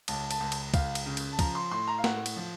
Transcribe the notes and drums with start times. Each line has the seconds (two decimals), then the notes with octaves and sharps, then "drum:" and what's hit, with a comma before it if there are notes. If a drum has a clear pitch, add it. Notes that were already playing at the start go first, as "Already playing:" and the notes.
0.08 C#2 A5, drum: cymbal
0.31 A5, drum: cymbal
0.40 C#2
0.52 drum: cymbal
0.74 C#2 F5, drum: kick, cymbal
0.95 drum: cymbal
1.06 C#3
1.17 drum: cymbal
1.32 A5
1.39 F3 A#5, drum: kick, cymbal
1.55 C6
1.71 A2 C6
1.88 A#5
1.98 F5
2.04 A2 F#5, drum: snare
2.26 drum: cymbal
2.37 F3